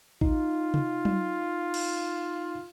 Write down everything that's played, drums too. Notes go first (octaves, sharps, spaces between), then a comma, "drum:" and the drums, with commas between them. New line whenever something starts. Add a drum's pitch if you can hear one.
D#4 F4, drum: kick
drum: tom C3
drum: tom F#3
drum: cymbal